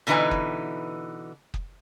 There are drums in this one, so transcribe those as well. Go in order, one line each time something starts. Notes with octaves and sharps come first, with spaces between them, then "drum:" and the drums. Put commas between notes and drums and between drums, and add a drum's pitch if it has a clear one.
B2 D3 E3 D#4 B4 G#5
drum: kick
drum: kick